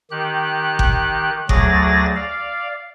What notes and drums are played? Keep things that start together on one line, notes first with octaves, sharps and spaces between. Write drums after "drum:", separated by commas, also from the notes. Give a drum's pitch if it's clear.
D#3 G4 F#6
drum: kick G1
D2 F#3 G#4 D5 A6 A#6, drum: kick G1
D5 F5